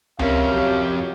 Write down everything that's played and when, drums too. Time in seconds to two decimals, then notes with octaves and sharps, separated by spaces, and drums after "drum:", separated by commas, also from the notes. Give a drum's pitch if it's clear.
0.19 F2 C3 C#4 A#4 F5, drum: tom C#2
0.49 F#3 G4